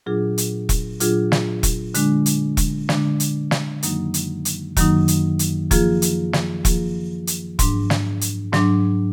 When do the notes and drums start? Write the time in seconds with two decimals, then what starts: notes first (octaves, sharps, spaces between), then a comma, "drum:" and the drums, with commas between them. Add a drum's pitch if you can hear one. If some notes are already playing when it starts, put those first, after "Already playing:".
0.06 A#2 F#3 D4 F4 G#4
0.38 drum: hi-hat
0.69 drum: kick E1, hi-hat
1.00 A#2 F#3 D4 F4 G#4, drum: hi-hat
1.32 drum: snare
1.63 drum: kick E1, hi-hat
1.94 D3 G#3 D4, drum: hi-hat
2.26 drum: hi-hat
2.57 drum: kick E1, hi-hat
2.89 D3 G#3 D4, drum: snare
3.20 drum: hi-hat
3.51 drum: snare
3.83 F#2 D#3 F#3 A#3 D#4, drum: hi-hat
4.14 drum: hi-hat
4.45 drum: hi-hat
4.77 F#2 D#3 F#3 A#3 D#4, drum: kick E1, hi-hat
5.08 drum: hi-hat
5.39 drum: hi-hat
5.71 F3 A#3 F4 G#4, drum: kick E1, hi-hat
6.02 drum: hi-hat
6.33 drum: snare
6.65 F3 A#3 F4 G#4, drum: kick E1, hi-hat
7.27 drum: hi-hat
7.59 G#2 F#3 D4, drum: kick E1, hi-hat
7.90 drum: snare
8.21 drum: hi-hat
8.53 G#2 F#3 D4, drum: snare